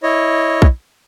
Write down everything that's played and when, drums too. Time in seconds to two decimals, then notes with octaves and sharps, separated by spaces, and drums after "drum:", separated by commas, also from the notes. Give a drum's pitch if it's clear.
0.03 E4 C#5 D#5
0.62 drum: kick